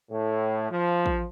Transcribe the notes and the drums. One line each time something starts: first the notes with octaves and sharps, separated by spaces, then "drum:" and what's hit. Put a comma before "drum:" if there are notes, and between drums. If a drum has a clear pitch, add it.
A2
F3
drum: kick